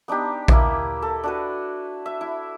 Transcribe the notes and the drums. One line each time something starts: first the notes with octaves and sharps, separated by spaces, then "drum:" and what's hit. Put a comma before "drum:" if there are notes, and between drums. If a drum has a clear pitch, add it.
B3 D4 D#4 G4
A#3 E4 G4 D#5, drum: kick A#1
A4
D4 F#4 B4
E5
E4